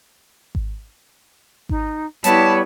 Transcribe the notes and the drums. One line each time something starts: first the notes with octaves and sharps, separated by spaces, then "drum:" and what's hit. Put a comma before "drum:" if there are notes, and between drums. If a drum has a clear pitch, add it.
drum: kick G#1
D#4, drum: kick G#1
G3 B3 E4 C#5 A5, drum: hi-hat